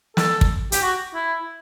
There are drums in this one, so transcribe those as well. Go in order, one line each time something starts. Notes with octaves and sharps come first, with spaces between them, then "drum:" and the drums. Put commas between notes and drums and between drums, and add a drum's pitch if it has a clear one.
A4, drum: snare
drum: kick
G4, drum: hi-hat
F#4
E4